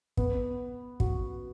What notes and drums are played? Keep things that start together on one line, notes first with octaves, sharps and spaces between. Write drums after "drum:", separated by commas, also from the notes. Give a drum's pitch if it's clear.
B3, drum: kick
F#4, drum: kick